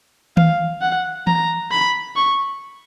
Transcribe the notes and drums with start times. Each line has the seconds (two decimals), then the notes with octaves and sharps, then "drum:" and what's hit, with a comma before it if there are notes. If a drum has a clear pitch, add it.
0.37 F5, drum: tom D#3
0.81 F#5
1.27 A#5, drum: tom E3
1.71 B5
2.16 C#6